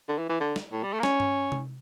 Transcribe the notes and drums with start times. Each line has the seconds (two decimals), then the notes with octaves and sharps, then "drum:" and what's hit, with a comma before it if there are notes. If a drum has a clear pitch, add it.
0.08 D3
0.18 E3
0.29 E3
0.40 D3
0.56 drum: snare
0.72 A2
0.83 G3
0.93 A3
1.00 A#3
1.03 C#4, drum: snare
1.20 drum: tom G2
1.52 drum: tom C3